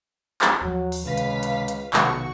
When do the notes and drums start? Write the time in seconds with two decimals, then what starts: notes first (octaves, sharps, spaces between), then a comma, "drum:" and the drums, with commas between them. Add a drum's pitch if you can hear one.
0.41 drum: clap
0.61 D#2 F3 F#3
0.92 drum: open hi-hat
1.06 C#2 C3 D#3 B4 F5 B6
1.17 drum: hi-hat
1.43 drum: hi-hat
1.68 drum: hi-hat
1.93 B1 C3 D#3 F#4 C#6, drum: clap